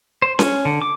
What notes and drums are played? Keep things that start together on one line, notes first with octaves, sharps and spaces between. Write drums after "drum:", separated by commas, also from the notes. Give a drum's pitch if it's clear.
C5
C#4, drum: snare C#4
D3
D6